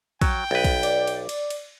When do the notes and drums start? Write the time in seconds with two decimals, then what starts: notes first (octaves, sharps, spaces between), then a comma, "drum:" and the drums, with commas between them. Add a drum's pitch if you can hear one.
0.21 F#3 G5, drum: kick, cymbal
0.51 B1 B4
0.64 drum: kick, cymbal
0.83 D5, drum: cymbal
1.07 drum: cymbal
1.29 drum: cymbal
1.50 drum: cymbal